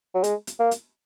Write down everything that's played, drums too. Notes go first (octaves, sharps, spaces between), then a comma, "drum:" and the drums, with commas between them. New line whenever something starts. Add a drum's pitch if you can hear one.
F#3
G#3, drum: hi-hat
drum: hi-hat
A#3
drum: hi-hat